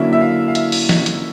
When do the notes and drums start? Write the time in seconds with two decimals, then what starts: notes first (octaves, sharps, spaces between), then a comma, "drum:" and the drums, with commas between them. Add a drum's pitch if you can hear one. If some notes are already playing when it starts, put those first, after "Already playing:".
Already playing: D3 F#3 A#3 C#4 E4 E5
0.13 E5
0.21 F5
0.48 F5
0.55 E5, drum: hi-hat
0.72 drum: open hi-hat
0.89 drum: snare
1.06 drum: hi-hat